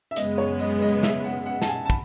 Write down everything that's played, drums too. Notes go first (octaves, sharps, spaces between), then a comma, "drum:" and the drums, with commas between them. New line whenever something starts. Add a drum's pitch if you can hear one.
E5
F#2 C#3 G#3 B3 D#5, drum: hi-hat
C#5
D#5
D#5
E5, drum: snare
F#5
F#5
A5, drum: snare
G#5
A5
B5, drum: kick